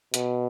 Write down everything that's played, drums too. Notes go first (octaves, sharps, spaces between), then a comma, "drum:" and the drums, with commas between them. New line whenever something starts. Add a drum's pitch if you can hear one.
B2, drum: hi-hat